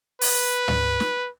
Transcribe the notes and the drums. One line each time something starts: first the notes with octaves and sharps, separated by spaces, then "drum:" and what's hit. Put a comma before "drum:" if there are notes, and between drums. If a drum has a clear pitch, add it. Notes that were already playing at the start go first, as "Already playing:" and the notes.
B4, drum: open hi-hat
drum: tom
drum: snare